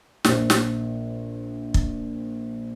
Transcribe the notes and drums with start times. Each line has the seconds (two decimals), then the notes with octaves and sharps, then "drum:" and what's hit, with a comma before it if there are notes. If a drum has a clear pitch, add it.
0.24 A#1 C5, drum: snare
0.50 drum: snare
1.74 drum: kick